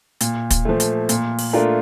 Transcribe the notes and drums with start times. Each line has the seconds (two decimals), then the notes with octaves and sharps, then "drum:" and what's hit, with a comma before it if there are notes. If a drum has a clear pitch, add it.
0.21 A#2, drum: hi-hat
0.51 drum: kick, hi-hat
0.65 F3 A3
0.80 drum: hi-hat
1.09 A#2, drum: hi-hat
1.38 drum: open hi-hat
1.53 A3 D4 F4 A#4